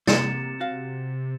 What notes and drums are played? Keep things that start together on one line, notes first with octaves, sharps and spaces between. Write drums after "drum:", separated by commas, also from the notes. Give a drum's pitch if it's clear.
C3 A#3 A6 C#7 E7, drum: snare
F#4 F5